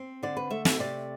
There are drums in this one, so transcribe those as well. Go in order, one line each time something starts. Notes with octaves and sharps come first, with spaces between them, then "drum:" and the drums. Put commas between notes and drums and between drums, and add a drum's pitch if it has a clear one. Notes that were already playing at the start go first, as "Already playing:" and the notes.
Already playing: C4
D3 D5
B4
A3 E5
E5, drum: snare
C3 D5